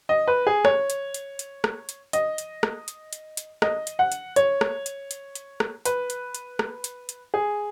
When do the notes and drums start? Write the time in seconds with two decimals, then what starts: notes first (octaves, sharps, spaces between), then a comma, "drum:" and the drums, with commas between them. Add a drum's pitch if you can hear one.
0.09 D#5
0.27 B4
0.47 G#4
0.65 C#5, drum: rim click
0.90 drum: hi-hat
1.14 drum: hi-hat
1.39 drum: hi-hat
1.64 drum: rim click
1.89 drum: hi-hat
2.13 D#5, drum: hi-hat
2.38 drum: hi-hat
2.63 drum: rim click
2.88 drum: hi-hat
3.13 drum: hi-hat
3.37 drum: hi-hat
3.62 D#5, drum: rim click
3.87 drum: hi-hat
3.99 F#5
4.12 drum: hi-hat
4.36 C#5, drum: hi-hat
4.61 drum: rim click
4.86 drum: hi-hat
5.11 drum: hi-hat
5.35 drum: hi-hat
5.60 drum: rim click
5.85 B4, drum: hi-hat
6.10 drum: hi-hat
6.35 drum: hi-hat
6.59 drum: rim click
6.84 drum: hi-hat
7.09 drum: hi-hat
7.34 G#4